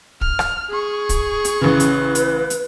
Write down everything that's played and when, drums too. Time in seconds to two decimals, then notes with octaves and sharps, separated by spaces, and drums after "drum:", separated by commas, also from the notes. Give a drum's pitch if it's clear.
0.21 F6, drum: kick
0.39 drum: rim click
0.70 G#4 C#6
1.09 drum: kick, hi-hat
1.45 drum: hi-hat
1.61 A1 C#3 B4
1.80 drum: hi-hat
2.15 drum: hi-hat
2.50 drum: hi-hat